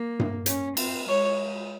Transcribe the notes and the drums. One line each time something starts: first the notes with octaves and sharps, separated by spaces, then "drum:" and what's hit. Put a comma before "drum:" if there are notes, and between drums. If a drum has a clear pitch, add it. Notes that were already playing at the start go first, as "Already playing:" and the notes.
Already playing: A#3
drum: tom G2
C#4, drum: hi-hat
C4, drum: cymbal
G#3 C#5